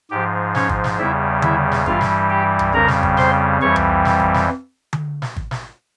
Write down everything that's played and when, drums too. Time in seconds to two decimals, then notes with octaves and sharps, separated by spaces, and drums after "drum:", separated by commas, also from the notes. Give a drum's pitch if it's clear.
0.10 G#2 F3 G4
0.55 C#4 C#5, drum: snare
0.69 drum: kick G#1
0.84 drum: snare
0.98 E2 C#3 G3 E4 E5
1.42 E4 E5, drum: tom D3
1.72 drum: snare
1.86 G2 E3 G3 F4 F5, drum: kick G#1
2.01 drum: snare
2.30 G4 G5
2.59 drum: tom C2
2.74 F2 C#3 G3 A#4 A#5
2.88 drum: snare
3.03 drum: kick G#1
3.17 C5 C6, drum: snare
3.61 F2 E3 G3 C#5 C#6
3.76 drum: tom C2
4.05 drum: snare
4.20 drum: kick G#1
4.34 drum: snare
4.93 drum: tom D3
5.22 drum: snare
5.36 drum: kick G#1
5.51 drum: snare